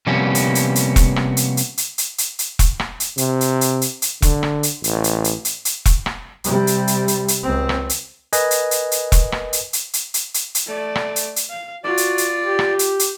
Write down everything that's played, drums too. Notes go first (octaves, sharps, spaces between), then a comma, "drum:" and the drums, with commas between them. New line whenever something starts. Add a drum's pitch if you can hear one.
C3 F3 G3 A#3 B3 C#4
drum: hi-hat
drum: hi-hat
drum: hi-hat
drum: kick E1, hi-hat
drum: rim click
drum: hi-hat
drum: hi-hat
drum: hi-hat
drum: hi-hat
drum: hi-hat
drum: hi-hat
drum: kick E1, hi-hat
drum: rim click
drum: hi-hat
C3, drum: hi-hat
drum: hi-hat
drum: hi-hat
drum: hi-hat
drum: hi-hat
D3, drum: kick E1, hi-hat
drum: rim click
drum: hi-hat
A1, drum: hi-hat
drum: hi-hat
drum: hi-hat
drum: hi-hat
drum: hi-hat
drum: kick E1, hi-hat
drum: rim click
C3 G3, drum: hi-hat
drum: hi-hat
drum: hi-hat
drum: hi-hat
drum: hi-hat
C#2 C4
drum: rim click
drum: hi-hat
A#4 B4 D#5 G#5 F#6, drum: hi-hat
drum: hi-hat
drum: hi-hat
drum: hi-hat
drum: kick E1, hi-hat
drum: rim click
drum: hi-hat
drum: hi-hat
drum: hi-hat
drum: hi-hat
drum: hi-hat
drum: hi-hat
A3 D5
drum: rim click
drum: hi-hat
drum: hi-hat
F5
F4 F#4 D5
drum: hi-hat
drum: hi-hat
G4
drum: rim click
drum: hi-hat
drum: hi-hat